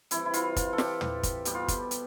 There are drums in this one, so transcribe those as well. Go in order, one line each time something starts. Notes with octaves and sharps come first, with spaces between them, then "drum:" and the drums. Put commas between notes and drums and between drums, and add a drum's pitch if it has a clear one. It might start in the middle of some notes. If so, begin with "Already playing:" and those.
C3 E3 G3 E4, drum: hi-hat
E4
F4, drum: hi-hat
F4, drum: kick, hi-hat
A4
G4, drum: snare
drum: tom
drum: kick, hi-hat
B2 G3 G4, drum: hi-hat
F4
drum: kick, hi-hat
drum: hi-hat